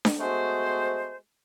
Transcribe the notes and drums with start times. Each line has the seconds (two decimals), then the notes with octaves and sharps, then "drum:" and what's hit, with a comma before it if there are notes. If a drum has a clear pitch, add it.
0.05 drum: snare D4
0.20 G#3 A3 B3 F#4 C5